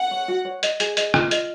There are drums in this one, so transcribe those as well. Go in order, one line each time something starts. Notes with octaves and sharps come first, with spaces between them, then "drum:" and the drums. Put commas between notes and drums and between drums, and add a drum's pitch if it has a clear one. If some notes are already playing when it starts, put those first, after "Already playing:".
Already playing: F#5
C#5
F#4
C#5
D#5, drum: hi-hat
G#4, drum: hi-hat
D#5, drum: hi-hat
F4, drum: rim click
D#5, drum: hi-hat